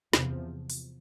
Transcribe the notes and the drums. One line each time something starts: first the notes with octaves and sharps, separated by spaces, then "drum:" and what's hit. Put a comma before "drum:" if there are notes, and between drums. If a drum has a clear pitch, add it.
E2 C3 F3, drum: snare
drum: open hi-hat